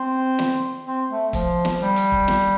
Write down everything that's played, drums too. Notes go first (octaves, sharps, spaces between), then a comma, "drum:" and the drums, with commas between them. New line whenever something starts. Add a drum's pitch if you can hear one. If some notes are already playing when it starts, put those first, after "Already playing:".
Already playing: C4
drum: snare
C4
A3
F3, drum: kick, hi-hat
drum: snare
G3
drum: hi-hat
drum: kick
drum: snare